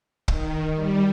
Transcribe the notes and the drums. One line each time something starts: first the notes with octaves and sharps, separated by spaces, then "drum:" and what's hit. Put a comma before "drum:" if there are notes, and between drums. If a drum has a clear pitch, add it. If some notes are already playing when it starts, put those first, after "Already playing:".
D#3, drum: kick
G3